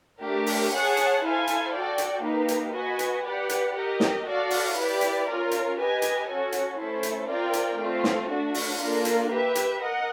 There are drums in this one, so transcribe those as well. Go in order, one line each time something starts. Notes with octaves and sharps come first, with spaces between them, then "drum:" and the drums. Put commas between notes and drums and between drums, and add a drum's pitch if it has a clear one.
A3 D4 G4 A#4
drum: open hi-hat
G#4 C#5 F#5 A5
drum: hi-hat
E4 A4 C5 F5 G#5
drum: hi-hat
F#4 A4 D5 G5
drum: hi-hat
A#3 D#4 G4 B4
drum: hi-hat
F#4 B4 D#5 G#5
drum: hi-hat
G4 B4 D5 F#5
drum: hi-hat
G4 A#4 D#5
drum: snare
F#4 A4 D5 F5
drum: open hi-hat
E4 G4 B4 D5
drum: hi-hat
C#4 F4 A#4
drum: hi-hat
G4 B4 D#5 G#5
drum: hi-hat
C#4 F#4 A4
drum: hi-hat
A3 C#4 E4 A4 C5
drum: hi-hat
C4 F4 A#4 D5 G5
drum: hi-hat
A3 C4 F4
drum: snare
A3 D4 F#4
drum: open hi-hat
A#3 D4 F4 A4
drum: hi-hat
G4 B4 E5
drum: hi-hat
A#4 D#5 F#5